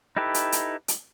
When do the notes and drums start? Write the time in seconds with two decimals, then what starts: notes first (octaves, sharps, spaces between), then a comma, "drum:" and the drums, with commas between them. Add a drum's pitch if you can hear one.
0.16 D#4 E4 G4 A4 B4
0.34 drum: hi-hat
0.52 drum: hi-hat
0.88 drum: hi-hat